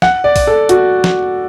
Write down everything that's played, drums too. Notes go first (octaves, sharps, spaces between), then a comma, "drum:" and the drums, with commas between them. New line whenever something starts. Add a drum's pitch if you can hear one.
F#5, drum: snare
D5
drum: kick A#1, open hi-hat
A4
F#4, drum: hi-hat
drum: snare